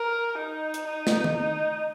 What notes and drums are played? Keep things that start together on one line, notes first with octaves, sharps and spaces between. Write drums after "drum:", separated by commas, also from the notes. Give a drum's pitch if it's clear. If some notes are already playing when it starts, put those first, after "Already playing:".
Already playing: A#4
D#4
drum: hi-hat
D#4
drum: snare
drum: tom D#3
D#4